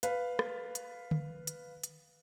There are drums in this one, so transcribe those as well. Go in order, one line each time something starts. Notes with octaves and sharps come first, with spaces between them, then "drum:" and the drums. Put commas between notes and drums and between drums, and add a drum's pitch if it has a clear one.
B4 F5, drum: hi-hat
drum: rim click
drum: hi-hat
drum: tom D3
drum: hi-hat
drum: hi-hat